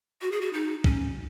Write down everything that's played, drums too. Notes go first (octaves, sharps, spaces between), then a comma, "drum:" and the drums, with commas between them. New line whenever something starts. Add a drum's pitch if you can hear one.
F#4
G#4
F#4
D#4
C#4, drum: kick